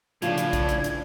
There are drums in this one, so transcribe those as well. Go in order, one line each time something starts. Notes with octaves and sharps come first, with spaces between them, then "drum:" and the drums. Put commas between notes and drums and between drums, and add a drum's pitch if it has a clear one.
A2 C#3 E3 F3 D4 F5 G#6, drum: hi-hat
drum: hi-hat
drum: kick, hi-hat
drum: hi-hat
drum: hi-hat